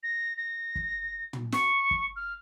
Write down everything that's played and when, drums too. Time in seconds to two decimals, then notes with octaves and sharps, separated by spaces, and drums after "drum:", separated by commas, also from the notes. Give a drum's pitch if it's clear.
0.03 A#6
0.36 A#6
0.75 drum: kick
1.33 drum: tom
1.52 C#6, drum: snare
1.91 drum: kick
2.16 F6